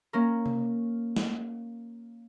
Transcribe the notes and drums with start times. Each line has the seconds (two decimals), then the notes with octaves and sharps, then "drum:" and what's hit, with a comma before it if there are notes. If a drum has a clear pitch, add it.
0.13 A#3 C#4 A#4
0.46 drum: tom C3
1.16 drum: snare